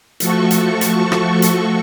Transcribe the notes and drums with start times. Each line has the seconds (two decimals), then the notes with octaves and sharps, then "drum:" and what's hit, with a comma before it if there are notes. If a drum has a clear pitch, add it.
0.20 F3 A3 F#4 A4 C#6, drum: hi-hat
0.51 drum: hi-hat
0.81 drum: hi-hat
1.12 drum: rim click
1.42 drum: hi-hat